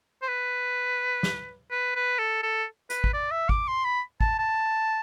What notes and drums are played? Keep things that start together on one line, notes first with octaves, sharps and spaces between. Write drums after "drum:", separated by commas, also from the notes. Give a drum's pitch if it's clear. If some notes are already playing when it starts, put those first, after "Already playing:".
C5
B4
drum: snare
B4
B4
A4
A4
B4, drum: hi-hat
drum: kick G#1
D5
E5
D6, drum: kick G#1
C6
B5
A5, drum: kick G#1
A5